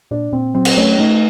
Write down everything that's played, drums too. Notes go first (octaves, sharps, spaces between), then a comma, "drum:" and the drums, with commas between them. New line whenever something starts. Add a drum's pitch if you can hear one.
A#2 D4
A#2 C4
F#3 C4
drum: cymbal
A3 C#4
A3 D#4